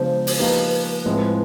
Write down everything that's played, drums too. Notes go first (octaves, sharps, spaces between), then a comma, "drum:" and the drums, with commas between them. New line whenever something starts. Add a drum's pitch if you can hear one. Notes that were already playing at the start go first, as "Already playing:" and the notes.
Already playing: C#3 F3 G#3 B3 D4 C5
drum: open hi-hat
F3 A#3 D#4 G4 B4
A2 F3 G#3 C4